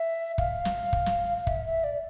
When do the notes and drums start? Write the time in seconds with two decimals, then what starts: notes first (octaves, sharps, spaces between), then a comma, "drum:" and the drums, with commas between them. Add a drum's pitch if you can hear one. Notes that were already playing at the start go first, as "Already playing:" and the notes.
Already playing: E5
0.38 F5, drum: kick
0.65 drum: snare
0.93 drum: kick
1.06 drum: snare
1.38 F5
1.47 E5, drum: kick
1.66 E5
1.84 D5